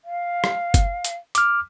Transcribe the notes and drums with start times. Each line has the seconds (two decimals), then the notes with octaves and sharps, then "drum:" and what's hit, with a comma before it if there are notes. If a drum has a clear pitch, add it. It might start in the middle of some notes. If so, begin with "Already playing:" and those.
0.05 F5
0.44 drum: rim click
0.74 drum: kick F#1, hi-hat
1.05 drum: hi-hat
1.35 D6 F6, drum: hi-hat